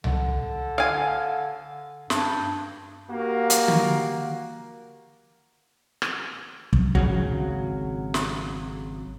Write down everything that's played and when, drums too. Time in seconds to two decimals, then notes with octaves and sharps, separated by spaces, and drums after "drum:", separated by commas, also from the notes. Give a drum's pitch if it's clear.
0.04 D3, drum: tom C2
0.78 D3 F5 G#5
2.10 G2, drum: snare
3.10 A#3 F#4 G4 A#4
3.50 drum: hi-hat
3.68 drum: tom D3
6.02 drum: rim click
6.73 drum: kick
6.95 G#1 C#3 F#3, drum: kick
8.14 drum: snare